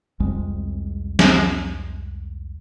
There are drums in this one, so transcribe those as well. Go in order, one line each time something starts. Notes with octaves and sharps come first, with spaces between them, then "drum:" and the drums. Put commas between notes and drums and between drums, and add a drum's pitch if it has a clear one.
C2 F2 G#3
drum: snare